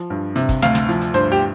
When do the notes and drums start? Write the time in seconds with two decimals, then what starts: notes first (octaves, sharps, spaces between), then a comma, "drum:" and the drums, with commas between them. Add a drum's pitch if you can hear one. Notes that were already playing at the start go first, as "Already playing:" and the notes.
Already playing: F3
0.10 G2
0.36 C3, drum: hi-hat
0.49 drum: kick, hi-hat
0.62 D2 F5, drum: snare
0.75 drum: snare
0.89 F3, drum: hi-hat
1.01 drum: hi-hat
1.14 G2 C5, drum: hi-hat
1.32 G4